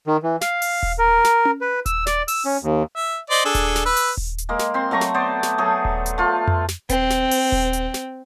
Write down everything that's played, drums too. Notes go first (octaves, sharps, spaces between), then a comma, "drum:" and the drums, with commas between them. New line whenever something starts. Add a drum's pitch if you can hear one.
D#3
E3
F5, drum: snare
drum: open hi-hat
drum: kick D#1
A#4
drum: snare
drum: tom C#4
B4
E6, drum: kick D#1, hi-hat
D5, drum: snare
E6, drum: open hi-hat
C#4
D#2
E5
C5 D5 D#5
D4 G#4 A4
drum: kick D#1, hi-hat
drum: snare
B4 E6
drum: open hi-hat
drum: kick D#1
drum: hi-hat
G#3 A#3
drum: snare
C4 C6
F#3 A3 A#5 C#6
drum: snare
B3 C5 D5
drum: snare
F#3 A3 G#4 A4
drum: kick D#1
drum: hi-hat
A3 F4
drum: tom F2
drum: snare
C4, drum: kick D#1, hi-hat
drum: snare
drum: open hi-hat
drum: kick D#1
drum: hi-hat
drum: snare